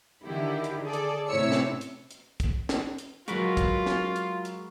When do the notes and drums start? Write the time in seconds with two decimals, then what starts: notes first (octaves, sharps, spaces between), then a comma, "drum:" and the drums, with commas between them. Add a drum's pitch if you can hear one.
0.24 D3 D#3 E4 G4
0.64 drum: hi-hat
0.83 G#4 A4 D5
0.93 drum: hi-hat
1.29 A2 C3 E4 C#5 E6 C#7
1.52 drum: snare
1.81 drum: hi-hat
2.11 drum: hi-hat
2.40 drum: kick, hi-hat
2.69 drum: snare
2.98 drum: hi-hat
3.28 F#3 G#3 F4 F#4 A#4 B4, drum: hi-hat
3.57 drum: kick, hi-hat
3.86 drum: snare
4.16 drum: hi-hat
4.45 drum: hi-hat